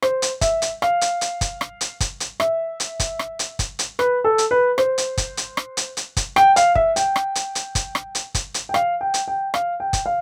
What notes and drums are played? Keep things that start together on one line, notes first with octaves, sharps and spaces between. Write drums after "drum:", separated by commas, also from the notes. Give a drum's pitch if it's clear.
C5, drum: rim click
drum: hi-hat
E5, drum: kick, hi-hat
drum: hi-hat
F5, drum: rim click
drum: hi-hat
drum: hi-hat
drum: kick, hi-hat
drum: rim click
drum: hi-hat
drum: kick, hi-hat
drum: hi-hat
E5, drum: rim click
drum: hi-hat
drum: kick, hi-hat
drum: rim click
drum: hi-hat
drum: kick, hi-hat
drum: hi-hat
B4, drum: rim click
A4
drum: hi-hat
B4
C5, drum: rim click
drum: hi-hat
drum: kick, hi-hat
drum: hi-hat
drum: rim click
drum: hi-hat
drum: hi-hat
drum: kick, hi-hat
G5, drum: rim click
F5, drum: hi-hat
E5, drum: kick
G5, drum: hi-hat
drum: rim click
drum: hi-hat
drum: hi-hat
drum: kick, hi-hat
drum: rim click
drum: hi-hat
drum: kick, hi-hat
drum: hi-hat
G5
F5, drum: rim click
G5
drum: hi-hat
G5
F5, drum: rim click
G5
drum: kick, hi-hat
F5